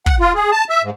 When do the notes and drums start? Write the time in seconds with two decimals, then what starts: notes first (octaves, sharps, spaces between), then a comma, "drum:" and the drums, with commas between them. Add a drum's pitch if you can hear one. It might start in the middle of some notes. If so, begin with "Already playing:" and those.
0.06 F#5, drum: kick
0.20 F4
0.35 G#4
0.51 A5
0.70 E5
0.83 G#2